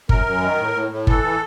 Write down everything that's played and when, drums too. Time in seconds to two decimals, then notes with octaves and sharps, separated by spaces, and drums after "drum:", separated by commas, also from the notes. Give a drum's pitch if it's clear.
0.09 F#2 A#4, drum: kick G1
0.26 F#2
0.42 D#3
0.58 A2
0.74 A2
0.91 A2
1.07 E3 A4, drum: kick G1
1.24 E3